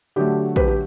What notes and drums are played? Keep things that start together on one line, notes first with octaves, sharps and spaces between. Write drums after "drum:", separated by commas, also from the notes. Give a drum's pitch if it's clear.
D3 F#3 A3 G4
G4 B4, drum: kick
G4